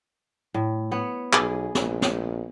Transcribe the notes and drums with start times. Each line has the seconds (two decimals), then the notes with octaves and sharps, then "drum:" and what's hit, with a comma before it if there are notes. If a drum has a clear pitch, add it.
0.54 A2
0.92 B3 C#5
1.33 B1 G#4, drum: clap
1.75 A#1, drum: snare
2.02 drum: snare